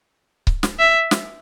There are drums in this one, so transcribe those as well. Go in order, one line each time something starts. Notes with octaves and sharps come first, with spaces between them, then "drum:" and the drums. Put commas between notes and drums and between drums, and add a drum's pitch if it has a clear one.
drum: kick C#1
drum: snare
E5
drum: snare